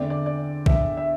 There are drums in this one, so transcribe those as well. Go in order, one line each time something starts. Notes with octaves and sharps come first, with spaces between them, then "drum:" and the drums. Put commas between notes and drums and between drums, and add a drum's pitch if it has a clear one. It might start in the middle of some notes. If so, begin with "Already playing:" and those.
Already playing: E2 D3 A3 C4 D5
D5
D5
E5, drum: kick
E5